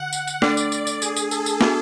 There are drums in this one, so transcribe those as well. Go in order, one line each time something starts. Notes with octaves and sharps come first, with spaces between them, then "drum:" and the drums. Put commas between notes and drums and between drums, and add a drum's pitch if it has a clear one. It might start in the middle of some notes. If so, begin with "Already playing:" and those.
Already playing: D3 F#5
drum: tambourine
drum: tambourine
A3 D4 A4 D5, drum: snare
drum: tambourine
drum: tambourine
drum: tambourine
G#4, drum: tambourine
drum: tambourine
A4, drum: tambourine
drum: tambourine
B3 D4 F#4 A4, drum: snare